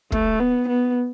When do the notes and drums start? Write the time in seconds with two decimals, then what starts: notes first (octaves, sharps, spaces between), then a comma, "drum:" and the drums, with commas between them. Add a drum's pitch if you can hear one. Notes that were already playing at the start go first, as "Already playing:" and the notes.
0.12 A3, drum: kick
0.40 B3
0.68 B3